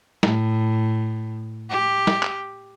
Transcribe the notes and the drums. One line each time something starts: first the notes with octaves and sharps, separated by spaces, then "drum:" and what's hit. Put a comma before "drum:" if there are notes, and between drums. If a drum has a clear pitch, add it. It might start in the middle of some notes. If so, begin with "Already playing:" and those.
A2, drum: snare
G4
drum: snare
drum: clap